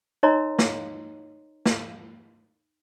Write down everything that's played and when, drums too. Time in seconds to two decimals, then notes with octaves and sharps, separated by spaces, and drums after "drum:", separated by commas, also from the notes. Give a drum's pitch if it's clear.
0.23 D#4 A#4 C#5 D#5 A#5 C6
0.59 drum: snare
1.66 drum: snare